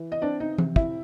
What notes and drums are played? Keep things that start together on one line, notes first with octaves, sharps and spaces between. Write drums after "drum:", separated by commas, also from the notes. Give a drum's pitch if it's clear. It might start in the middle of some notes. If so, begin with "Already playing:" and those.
Already playing: E3
D#5
C4 D4 D5
D#4 D#5
C3, drum: tom E3
E4 E5, drum: kick